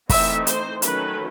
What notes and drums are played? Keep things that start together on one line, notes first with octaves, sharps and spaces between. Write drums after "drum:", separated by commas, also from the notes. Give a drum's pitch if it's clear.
E3 A3 C4 D#4 E5, drum: kick, open hi-hat
C5, drum: hi-hat
D#3 F#3 A3 C#4 B4, drum: hi-hat